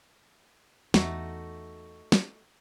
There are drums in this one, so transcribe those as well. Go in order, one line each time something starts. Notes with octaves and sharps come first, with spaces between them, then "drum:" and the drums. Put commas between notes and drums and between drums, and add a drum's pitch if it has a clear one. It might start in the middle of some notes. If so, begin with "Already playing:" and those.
E2 A3 D#4 F#4, drum: snare
drum: snare